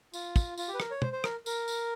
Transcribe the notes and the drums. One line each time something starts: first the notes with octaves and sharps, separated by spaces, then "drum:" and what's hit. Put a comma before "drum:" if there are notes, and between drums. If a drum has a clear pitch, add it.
F4, drum: tambourine
drum: kick, tambourine
F4, drum: tambourine
G4
B4
A#4, drum: rim click
C#5
C5, drum: tom
C5
A#4, drum: rim click
A#4, drum: tambourine
drum: tambourine